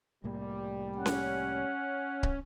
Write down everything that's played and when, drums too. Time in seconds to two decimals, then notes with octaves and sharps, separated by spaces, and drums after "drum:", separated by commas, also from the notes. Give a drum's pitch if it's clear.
0.24 C2 A2 G3 A#3
0.96 C#4 F#5
1.06 drum: snare C#4
2.23 drum: kick